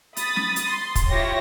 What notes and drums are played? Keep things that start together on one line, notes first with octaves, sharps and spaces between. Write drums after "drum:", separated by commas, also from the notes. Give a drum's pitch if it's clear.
B5 D#6 A6, drum: hi-hat
drum: snare
drum: hi-hat
C6
drum: kick, hi-hat
E4 F4 G4 C#5 A#6